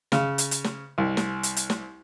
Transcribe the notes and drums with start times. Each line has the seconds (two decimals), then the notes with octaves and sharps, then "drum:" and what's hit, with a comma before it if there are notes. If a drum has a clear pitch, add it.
0.12 C#3, drum: snare
0.38 drum: hi-hat
0.51 drum: hi-hat
0.64 drum: snare
0.98 C2
1.17 drum: snare
1.43 drum: hi-hat
1.56 drum: hi-hat
1.70 drum: snare